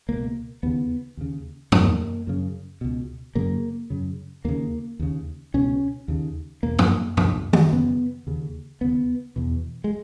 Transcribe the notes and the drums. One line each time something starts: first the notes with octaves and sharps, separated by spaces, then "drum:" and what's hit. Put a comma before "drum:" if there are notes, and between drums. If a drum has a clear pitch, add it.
C#2 B2 A#3
D#2 C#3 B3
D#2 C#3
E2 B2 A#3, drum: tom F#2
F#2 C#3
C#2 B2
F#2 C#3 A#3
F#2 C#3
D#2 C#3 A#3
D#2 C#3
C#2 B2 C#4
D#2 C#3
E2 B2 A#3
drum: tom F#2
C#2 B2, drum: tom F#2
drum: tom D#3
F#2 C#3 B3
D#2 C#3
D#2 C#3 B3
E2 B2
G#3